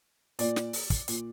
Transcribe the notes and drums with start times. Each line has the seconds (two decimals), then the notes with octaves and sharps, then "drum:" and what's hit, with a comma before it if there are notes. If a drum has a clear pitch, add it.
0.39 A#2 D5, drum: hi-hat
0.56 drum: snare
0.73 drum: open hi-hat
0.90 drum: kick, hi-hat
1.08 A#2, drum: hi-hat